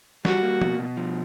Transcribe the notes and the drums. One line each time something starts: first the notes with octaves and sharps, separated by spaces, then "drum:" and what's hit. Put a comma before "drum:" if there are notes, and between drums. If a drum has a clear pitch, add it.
G3 F#4, drum: snare
A#3
B2, drum: tom
B2
F3